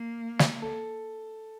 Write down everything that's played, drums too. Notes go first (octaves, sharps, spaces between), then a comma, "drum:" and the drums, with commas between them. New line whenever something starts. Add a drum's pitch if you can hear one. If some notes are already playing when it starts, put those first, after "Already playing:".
Already playing: A#3
drum: snare
A4